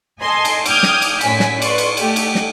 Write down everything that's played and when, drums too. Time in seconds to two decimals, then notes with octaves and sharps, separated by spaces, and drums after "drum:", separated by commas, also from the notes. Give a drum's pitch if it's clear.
0.21 A4 D#5 G#5 C6
0.45 drum: cymbal
0.66 G5 D6 D#6 F6 G6 G#6, drum: cymbal
0.83 drum: snare
1.02 drum: cymbal
1.21 F#2 A2 G#5 B6, drum: cymbal
1.40 drum: snare
1.62 B4 D5 C6 C#6, drum: cymbal
1.78 drum: cymbal
1.97 A3 G4, drum: cymbal
2.16 drum: cymbal
2.35 drum: snare